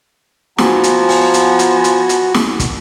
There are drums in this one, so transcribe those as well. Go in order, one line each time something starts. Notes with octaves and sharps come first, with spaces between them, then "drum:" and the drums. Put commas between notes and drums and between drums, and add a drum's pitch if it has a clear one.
F3 B3 F#4 G#5 A#5, drum: snare
drum: hi-hat
drum: open hi-hat
drum: hi-hat
drum: hi-hat
drum: hi-hat
drum: hi-hat
drum: snare
drum: kick, hi-hat